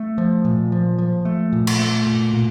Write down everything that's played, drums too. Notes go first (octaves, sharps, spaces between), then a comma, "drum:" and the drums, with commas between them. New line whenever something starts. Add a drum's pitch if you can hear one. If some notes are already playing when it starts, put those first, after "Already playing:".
Already playing: A3
F3
A#2
F3
F3
A3
A#2
drum: cymbal
A3
A#2
A#2